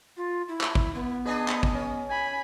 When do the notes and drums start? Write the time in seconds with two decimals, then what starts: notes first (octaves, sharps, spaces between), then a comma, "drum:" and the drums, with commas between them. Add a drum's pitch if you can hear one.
0.17 F4
0.48 E4
0.61 drum: clap
0.75 drum: kick G#1
0.95 A#3 B3
1.26 D4 G#4 B4 D#5
1.48 drum: clap
1.63 drum: kick G#1
1.74 C#4
2.10 G#5 B5